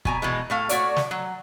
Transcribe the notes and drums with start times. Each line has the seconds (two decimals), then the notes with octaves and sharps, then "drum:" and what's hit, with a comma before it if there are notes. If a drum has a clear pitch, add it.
0.05 B2 G#5 A#5, drum: kick
0.22 B2 E3 G#3
0.50 A2 A3 F5
0.69 A3 F#4 C#5 D5, drum: hi-hat
0.96 drum: snare
1.11 F#3